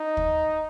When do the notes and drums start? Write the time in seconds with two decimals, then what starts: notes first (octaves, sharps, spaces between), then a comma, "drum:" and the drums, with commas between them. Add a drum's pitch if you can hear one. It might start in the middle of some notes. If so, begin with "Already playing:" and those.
Already playing: D#4
0.17 drum: kick